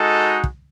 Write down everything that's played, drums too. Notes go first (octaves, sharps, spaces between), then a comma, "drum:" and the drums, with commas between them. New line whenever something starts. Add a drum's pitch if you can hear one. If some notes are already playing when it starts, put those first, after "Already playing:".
Already playing: G#3 D#4 F#4 A4
drum: kick